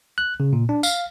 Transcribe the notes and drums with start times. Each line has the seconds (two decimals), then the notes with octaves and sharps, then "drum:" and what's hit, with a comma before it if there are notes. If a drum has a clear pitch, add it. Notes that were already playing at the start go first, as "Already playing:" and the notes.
0.18 F#6
0.40 C#3
0.53 A#2
0.69 D4
0.83 F5, drum: tambourine